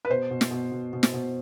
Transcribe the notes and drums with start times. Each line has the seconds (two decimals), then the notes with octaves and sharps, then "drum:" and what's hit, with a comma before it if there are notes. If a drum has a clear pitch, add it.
0.05 B4
0.10 B2 C5
0.31 B2
0.41 drum: snare
0.51 B2
0.71 B2
0.93 B2
1.03 drum: snare
1.14 B2